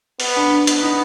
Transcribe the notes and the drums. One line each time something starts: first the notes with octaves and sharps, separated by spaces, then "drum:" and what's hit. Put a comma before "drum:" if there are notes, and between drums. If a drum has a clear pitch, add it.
B3, drum: open hi-hat
D4
B3, drum: hi-hat
D#4